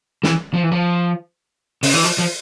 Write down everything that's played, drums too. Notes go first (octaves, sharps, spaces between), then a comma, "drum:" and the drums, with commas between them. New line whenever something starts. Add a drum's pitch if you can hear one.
E3, drum: snare
F3
E3
F3
C#3, drum: open hi-hat
E3
F3
F3